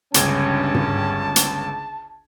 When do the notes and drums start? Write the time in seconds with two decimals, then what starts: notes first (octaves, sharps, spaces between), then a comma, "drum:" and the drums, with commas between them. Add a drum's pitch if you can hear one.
0.14 G1 C#2 G2 C#4 A5 G#6, drum: hi-hat
0.74 drum: tom
1.36 drum: hi-hat